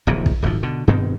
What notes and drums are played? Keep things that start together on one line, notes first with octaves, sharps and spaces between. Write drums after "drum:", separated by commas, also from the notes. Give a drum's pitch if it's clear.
D1 A#1 C3 E3
drum: kick
D#1 G#1 E2 F3
B2 D3
G2 B2 D#3 C4